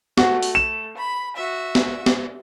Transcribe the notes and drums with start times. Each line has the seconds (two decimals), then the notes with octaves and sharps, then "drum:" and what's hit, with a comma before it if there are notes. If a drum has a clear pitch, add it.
0.17 A3 F#4, drum: snare
0.43 drum: open hi-hat
0.55 E7
0.97 B5
1.36 F#4 E5
1.75 drum: snare
2.06 drum: snare